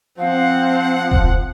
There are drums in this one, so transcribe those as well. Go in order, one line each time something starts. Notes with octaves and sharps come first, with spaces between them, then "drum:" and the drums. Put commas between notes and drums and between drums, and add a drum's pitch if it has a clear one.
F3 C4 F5 F#5
drum: kick E1